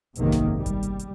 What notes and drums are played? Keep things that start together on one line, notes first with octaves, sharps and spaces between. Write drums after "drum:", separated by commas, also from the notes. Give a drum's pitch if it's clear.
F#1 B1 G#2 C3 D#3 A#3, drum: hi-hat
drum: snare G1
G3
drum: kick G1, hi-hat
drum: hi-hat
drum: hi-hat